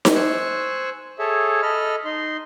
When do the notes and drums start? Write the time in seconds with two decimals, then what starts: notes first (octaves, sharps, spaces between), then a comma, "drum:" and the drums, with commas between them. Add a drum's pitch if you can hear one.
0.05 drum: snare D#4
0.15 C5 G#5 C#6 E6 F#6
1.19 G#4 A4 C#5 E5
1.62 A4 D#5 B5 F6
2.05 D#4 C6